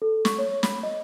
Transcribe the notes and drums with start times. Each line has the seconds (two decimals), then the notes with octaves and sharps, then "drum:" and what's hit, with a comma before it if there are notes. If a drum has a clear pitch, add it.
0.02 A4
0.25 C#6, drum: snare
0.38 C#5
0.63 B5, drum: snare
0.83 D#5